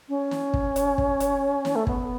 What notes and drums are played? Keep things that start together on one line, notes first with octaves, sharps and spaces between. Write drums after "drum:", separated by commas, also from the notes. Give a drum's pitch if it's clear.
C#4
drum: snare
drum: kick
drum: hi-hat
drum: kick
drum: hi-hat
drum: snare
A3
B3, drum: kick